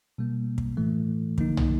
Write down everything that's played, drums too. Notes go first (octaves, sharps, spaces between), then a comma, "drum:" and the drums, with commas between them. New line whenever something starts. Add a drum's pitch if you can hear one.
B2 G3 A#3
drum: kick
A2 E3 A3
D3 F3 A#3 D#4, drum: kick
drum: tom